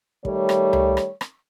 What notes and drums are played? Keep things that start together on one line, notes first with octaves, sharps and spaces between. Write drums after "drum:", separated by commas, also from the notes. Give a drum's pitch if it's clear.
D#3 G3 A3 C#5, drum: kick
drum: rim click
drum: tom C#2
drum: rim click
drum: rim click